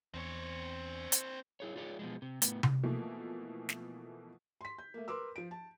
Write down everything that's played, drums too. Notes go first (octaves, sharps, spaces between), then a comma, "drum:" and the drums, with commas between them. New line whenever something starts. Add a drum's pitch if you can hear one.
E2 C4 C#5
drum: hi-hat
E4 G#4 C#5
F4 G#4 C#5 D5
B2 F3 G#3
C3
A2 B3, drum: hi-hat
drum: tom C3
B2 E3 F3 A3 A#3
drum: snare
C6 B6
G6
A3 A#3
A#4 B4 C6 D6 E6
F3 D7
A5